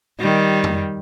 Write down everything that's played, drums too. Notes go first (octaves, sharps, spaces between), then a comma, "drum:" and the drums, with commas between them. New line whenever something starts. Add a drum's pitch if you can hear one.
D#3 G3
drum: tom F2